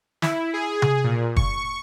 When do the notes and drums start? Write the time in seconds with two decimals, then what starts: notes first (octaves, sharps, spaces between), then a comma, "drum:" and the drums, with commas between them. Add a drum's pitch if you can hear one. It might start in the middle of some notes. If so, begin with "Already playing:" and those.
0.22 E4, drum: snare
0.54 G#4
0.82 drum: tom C3
1.04 A#2
1.36 C#6, drum: kick